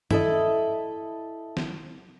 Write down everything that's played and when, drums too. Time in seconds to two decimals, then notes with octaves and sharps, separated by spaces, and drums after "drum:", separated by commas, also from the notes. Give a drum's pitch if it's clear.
0.11 E4 A4 D#5, drum: tom G2
1.57 drum: snare